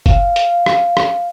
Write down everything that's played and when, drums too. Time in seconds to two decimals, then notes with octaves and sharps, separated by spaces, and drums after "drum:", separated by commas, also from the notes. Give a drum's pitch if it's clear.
0.06 F5, drum: kick F1, hi-hat
0.36 drum: hi-hat
0.66 drum: rim click
0.97 drum: rim click